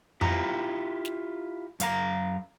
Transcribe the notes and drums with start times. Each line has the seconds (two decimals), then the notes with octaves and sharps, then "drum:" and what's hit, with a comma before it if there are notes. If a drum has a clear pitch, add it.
0.21 E4 F4 G4 A#5, drum: tom F2
1.05 drum: snare
1.80 F#2 F5 A#5, drum: hi-hat